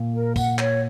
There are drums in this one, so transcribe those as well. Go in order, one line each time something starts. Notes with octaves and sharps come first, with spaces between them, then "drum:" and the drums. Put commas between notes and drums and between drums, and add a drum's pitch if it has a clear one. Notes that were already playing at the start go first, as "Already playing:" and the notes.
Already playing: A#2
A#4
F#5, drum: kick, tambourine
C#5, drum: clap